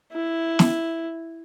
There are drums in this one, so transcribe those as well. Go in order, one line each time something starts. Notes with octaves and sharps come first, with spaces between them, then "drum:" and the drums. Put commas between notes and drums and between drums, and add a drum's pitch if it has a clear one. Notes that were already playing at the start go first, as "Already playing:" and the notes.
E4
drum: snare